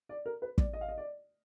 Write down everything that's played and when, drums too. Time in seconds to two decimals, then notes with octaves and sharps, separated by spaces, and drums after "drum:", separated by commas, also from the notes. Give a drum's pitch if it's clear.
0.09 D5
0.26 A#4
0.42 B4
0.58 D5, drum: kick
0.73 D#5
0.81 F5
0.88 D#5
0.98 D5